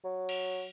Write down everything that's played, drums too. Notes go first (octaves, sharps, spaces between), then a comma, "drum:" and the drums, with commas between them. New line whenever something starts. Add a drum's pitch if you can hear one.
F#3
drum: cymbal